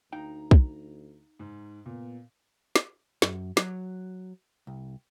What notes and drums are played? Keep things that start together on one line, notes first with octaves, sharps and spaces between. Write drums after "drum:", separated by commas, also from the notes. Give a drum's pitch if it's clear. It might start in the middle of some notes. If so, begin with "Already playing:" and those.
D2 D#4 F5 G5 A#5
drum: kick
G#2
A#2 B3
drum: snare
F#2, drum: snare
F#3, drum: snare
C2